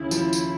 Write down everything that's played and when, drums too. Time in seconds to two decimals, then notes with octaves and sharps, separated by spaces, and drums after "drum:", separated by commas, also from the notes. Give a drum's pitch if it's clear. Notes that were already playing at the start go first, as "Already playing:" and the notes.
Already playing: D#2 C#3 E4
0.11 F3, drum: tambourine
0.33 drum: tambourine